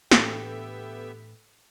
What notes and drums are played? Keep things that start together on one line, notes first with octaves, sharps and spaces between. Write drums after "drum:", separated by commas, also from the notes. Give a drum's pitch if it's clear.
A2 E3 B3 D4 G4 A4 E5 G5, drum: snare